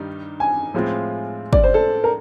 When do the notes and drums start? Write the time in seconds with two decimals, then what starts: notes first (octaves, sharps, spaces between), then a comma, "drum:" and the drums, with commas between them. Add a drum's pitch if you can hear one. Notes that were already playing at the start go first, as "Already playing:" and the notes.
Already playing: G2 D#3 G3 D#4
0.40 G#5
0.74 A2 F3 G#3 C4 F4
1.53 D5, drum: kick
1.63 C5
1.74 A4
2.04 A#4